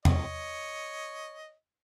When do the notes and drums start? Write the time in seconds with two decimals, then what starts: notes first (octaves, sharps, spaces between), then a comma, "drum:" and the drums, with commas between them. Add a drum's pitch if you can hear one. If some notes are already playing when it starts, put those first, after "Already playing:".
0.05 C#5 D#5, drum: tom E2